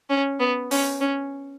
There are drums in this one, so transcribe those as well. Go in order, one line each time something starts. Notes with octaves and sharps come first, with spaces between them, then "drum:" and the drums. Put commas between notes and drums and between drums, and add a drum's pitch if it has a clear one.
C#4
B3
C#4, drum: open hi-hat
C#4